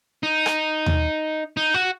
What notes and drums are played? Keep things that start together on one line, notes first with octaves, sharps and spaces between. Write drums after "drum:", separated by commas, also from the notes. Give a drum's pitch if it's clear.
D#4
drum: rim click
drum: tom D#2
D#4
F#4